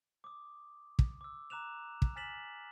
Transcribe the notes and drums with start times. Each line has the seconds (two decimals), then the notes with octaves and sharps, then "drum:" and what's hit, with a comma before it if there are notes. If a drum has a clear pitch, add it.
0.24 D6 D#6
0.99 drum: kick
1.21 D6 E6
1.50 A#5 D6 F#6 E7 F7
2.02 drum: kick
2.16 G#5 F6 A6 B6 E7 F#7